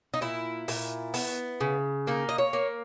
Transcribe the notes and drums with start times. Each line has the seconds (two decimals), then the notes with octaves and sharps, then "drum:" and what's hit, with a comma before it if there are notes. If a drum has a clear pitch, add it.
0.14 D#4
0.21 A#2 E4
0.68 A#2, drum: open hi-hat
1.14 B3, drum: open hi-hat
1.61 C#3
2.07 A#3 D#4
2.29 D#5
2.38 C#5
2.53 A#3